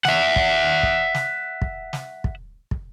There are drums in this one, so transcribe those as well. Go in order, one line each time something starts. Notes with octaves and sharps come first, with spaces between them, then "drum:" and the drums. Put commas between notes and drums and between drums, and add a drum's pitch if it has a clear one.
E5 F#5, drum: snare
drum: kick
drum: kick
drum: snare
drum: kick
drum: snare
drum: kick
drum: kick